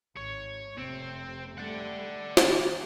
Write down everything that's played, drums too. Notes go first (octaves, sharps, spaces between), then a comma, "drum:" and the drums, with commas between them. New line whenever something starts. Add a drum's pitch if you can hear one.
G#1 C#5
F1 C3 C4
G3 A3 D5 F#5
D#3, drum: snare